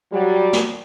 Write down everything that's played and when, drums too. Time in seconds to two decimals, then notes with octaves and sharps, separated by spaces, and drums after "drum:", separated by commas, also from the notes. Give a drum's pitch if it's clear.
0.12 F#3 G3
0.53 drum: snare